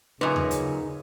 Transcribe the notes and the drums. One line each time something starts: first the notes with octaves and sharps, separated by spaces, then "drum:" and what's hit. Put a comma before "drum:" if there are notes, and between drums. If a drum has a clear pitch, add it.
F#2 A#2 C#3 D#4 B4 G#5
drum: tom D#2
drum: hi-hat